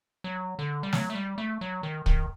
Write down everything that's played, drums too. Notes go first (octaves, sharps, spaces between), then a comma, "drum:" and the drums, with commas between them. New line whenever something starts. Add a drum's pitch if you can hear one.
F#3
D3
G3
F#3, drum: snare
A3
G3
A3
F#3
D#3
D#3, drum: kick